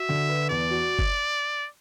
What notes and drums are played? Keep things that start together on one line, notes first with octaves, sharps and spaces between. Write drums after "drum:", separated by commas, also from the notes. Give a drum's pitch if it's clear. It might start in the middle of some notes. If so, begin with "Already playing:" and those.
Already playing: F#4 E5
D3
B4
E2 D5
F#4
drum: kick F#1